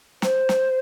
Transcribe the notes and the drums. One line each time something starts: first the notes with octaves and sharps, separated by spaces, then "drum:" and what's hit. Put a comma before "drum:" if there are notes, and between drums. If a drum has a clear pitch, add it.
C5, drum: snare
drum: snare